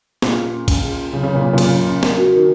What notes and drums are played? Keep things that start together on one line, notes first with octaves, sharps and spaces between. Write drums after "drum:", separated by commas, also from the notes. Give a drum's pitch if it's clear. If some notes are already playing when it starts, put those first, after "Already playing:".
A#2 G#4, drum: snare
C#4
C#4
C#4, drum: kick, cymbal
G#4
C#4
C#3 F#3
C#3 C#4
A#2
C#3 F#3
A#2
C#3 F#3, drum: cymbal
C#4
C#4
A#4, drum: snare
F#4
D#3 A#4